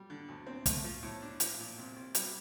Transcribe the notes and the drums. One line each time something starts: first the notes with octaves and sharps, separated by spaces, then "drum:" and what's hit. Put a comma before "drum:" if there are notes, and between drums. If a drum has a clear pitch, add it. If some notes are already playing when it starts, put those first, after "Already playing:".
Already playing: G3
D3
D2
C4
A3, drum: kick, hi-hat
F3
A2
D4
F3, drum: hi-hat
A#2
C2
C2
G3, drum: hi-hat